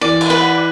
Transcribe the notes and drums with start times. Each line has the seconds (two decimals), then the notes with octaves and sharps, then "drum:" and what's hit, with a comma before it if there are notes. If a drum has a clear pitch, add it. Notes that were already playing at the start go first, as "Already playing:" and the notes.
0.01 E3 D5
0.21 drum: cymbal
0.30 B4